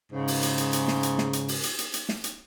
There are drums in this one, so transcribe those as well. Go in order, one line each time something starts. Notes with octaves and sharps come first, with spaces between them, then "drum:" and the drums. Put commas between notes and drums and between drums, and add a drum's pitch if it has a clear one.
G#2 C#3
drum: open hi-hat
drum: hi-hat
drum: hi-hat
drum: hi-hat
drum: snare
drum: hi-hat
drum: snare
drum: hi-hat
drum: open hi-hat
drum: hi-hat
drum: hi-hat
drum: hi-hat
drum: snare
drum: hi-hat